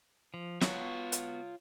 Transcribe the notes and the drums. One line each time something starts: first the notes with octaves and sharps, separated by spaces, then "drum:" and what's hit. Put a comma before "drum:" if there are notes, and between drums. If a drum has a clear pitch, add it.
F3
B3 F4 F#4 C#5, drum: snare
drum: hi-hat